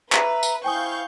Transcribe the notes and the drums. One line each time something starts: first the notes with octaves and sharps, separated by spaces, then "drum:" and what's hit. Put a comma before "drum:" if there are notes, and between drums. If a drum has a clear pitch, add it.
B4 E5 A#5, drum: clap
drum: tambourine
E4 C5 F5 G5 G#5 C#6 D#6 G6